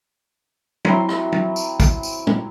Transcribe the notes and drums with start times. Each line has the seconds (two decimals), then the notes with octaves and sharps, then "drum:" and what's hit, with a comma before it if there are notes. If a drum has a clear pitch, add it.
0.85 F#3 C4 E4 C6, drum: tom
1.09 drum: rim click
1.32 drum: tom
1.56 drum: tambourine
1.80 drum: kick A1, tambourine
2.03 drum: tambourine
2.27 drum: tom